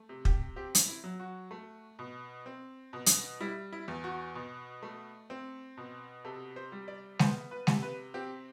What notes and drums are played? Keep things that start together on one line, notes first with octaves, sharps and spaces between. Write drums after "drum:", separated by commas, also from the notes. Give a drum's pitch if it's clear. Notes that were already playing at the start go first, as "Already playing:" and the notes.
Already playing: A3
C3
G4, drum: kick
C4 G4
drum: hi-hat
E4
F#3
F#4
A3
B2
C4
B2
drum: hi-hat
G3 E4
E4
E2
F#4
B2
A3
C4
B2
C3 A4
C5
G3
D5
B3 C5, drum: snare G#3
B4
C3, drum: snare G#3
B4
C4 G4